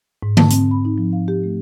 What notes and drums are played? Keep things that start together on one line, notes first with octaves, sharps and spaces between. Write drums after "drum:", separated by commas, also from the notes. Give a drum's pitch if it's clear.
G#2
A5, drum: tom D3
C4, drum: hi-hat
B5
D#4
F3
F5
G4
A3